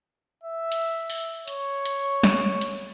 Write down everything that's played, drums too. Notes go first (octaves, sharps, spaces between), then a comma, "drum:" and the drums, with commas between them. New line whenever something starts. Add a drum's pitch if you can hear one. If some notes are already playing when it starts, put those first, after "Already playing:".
E5
drum: hi-hat
drum: open hi-hat
C#5, drum: hi-hat
drum: hi-hat
drum: snare
drum: hi-hat